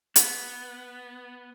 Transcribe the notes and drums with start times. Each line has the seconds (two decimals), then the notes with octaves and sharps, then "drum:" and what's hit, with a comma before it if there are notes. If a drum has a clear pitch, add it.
0.16 B3, drum: hi-hat